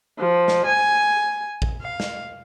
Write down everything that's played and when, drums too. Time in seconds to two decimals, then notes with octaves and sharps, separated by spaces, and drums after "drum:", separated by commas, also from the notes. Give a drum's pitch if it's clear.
0.18 F3
0.48 drum: snare
0.65 G#5
1.62 drum: kick A1
1.81 F5
2.00 drum: snare